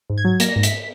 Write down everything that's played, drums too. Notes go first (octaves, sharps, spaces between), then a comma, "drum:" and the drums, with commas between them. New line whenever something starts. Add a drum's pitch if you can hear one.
G#2
G#6
F#3
A#3 A#6, drum: hi-hat
G#2
B6, drum: hi-hat